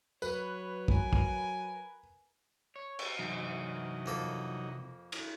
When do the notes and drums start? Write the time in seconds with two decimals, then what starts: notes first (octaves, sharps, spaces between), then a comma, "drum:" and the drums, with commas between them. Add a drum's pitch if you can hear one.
0.22 F#3 B4 C#5, drum: tambourine
0.88 A#4 G#5, drum: kick
1.13 drum: kick
2.76 C#5
2.99 drum: cymbal
3.19 C3 E3 F#3 D#4
4.06 F2 A#3 A4
5.12 drum: cymbal